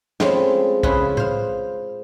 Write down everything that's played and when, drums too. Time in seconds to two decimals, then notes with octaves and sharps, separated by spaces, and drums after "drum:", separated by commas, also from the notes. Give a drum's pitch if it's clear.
0.20 F3 G#3 A3 C4 C#4 E4, drum: snare
0.83 C#3 E4 F4 G#4 B4, drum: kick
1.17 C5 F5, drum: tom A2